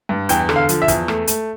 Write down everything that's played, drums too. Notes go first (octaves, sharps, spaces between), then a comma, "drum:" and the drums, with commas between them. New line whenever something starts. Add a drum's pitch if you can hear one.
G2
E2 G5, drum: hi-hat
D3, drum: rim click
F5
F3, drum: hi-hat
E5
E2, drum: kick, hi-hat
A3, drum: rim click
A3, drum: hi-hat